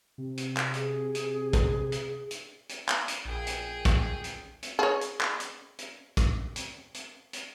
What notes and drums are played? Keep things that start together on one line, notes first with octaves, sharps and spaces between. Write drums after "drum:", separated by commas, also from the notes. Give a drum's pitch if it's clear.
C3
drum: hi-hat
drum: clap
G#4, drum: hi-hat
drum: hi-hat
drum: kick, hi-hat
drum: hi-hat
drum: hi-hat
drum: hi-hat
drum: clap
drum: hi-hat
A#1 G#4 G5
drum: hi-hat
drum: kick, hi-hat
drum: hi-hat
drum: hi-hat
G#4 C#5
drum: hi-hat
drum: clap
drum: hi-hat
drum: hi-hat
drum: kick, hi-hat
drum: hi-hat
drum: hi-hat
drum: hi-hat